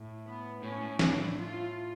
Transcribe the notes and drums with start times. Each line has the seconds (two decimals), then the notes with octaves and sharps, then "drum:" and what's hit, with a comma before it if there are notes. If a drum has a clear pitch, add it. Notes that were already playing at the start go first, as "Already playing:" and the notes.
Already playing: A2
0.26 B3
0.62 A2 C#4
0.81 A2
0.99 A2 D4, drum: snare
1.18 A2
1.36 F4